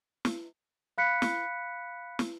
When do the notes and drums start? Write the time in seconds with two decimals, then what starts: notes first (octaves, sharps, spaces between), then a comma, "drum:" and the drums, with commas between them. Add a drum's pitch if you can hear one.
0.25 drum: snare
0.98 F5 B5 F#6 B6 C#7
1.22 drum: snare
2.19 drum: snare